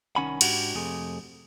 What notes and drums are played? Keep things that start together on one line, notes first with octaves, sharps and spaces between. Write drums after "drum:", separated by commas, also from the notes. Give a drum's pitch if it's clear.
C2 D#3 C#4 F#5 G#5 B5
G#2 D4 F#4 G4 F#5, drum: cymbal
F2 C3 A3 G#4